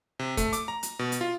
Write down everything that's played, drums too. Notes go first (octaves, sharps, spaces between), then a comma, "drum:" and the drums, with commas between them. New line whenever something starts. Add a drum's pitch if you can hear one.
C3
A3, drum: kick, hi-hat
D6, drum: hi-hat
A#5
drum: hi-hat
B2
drum: hi-hat
F4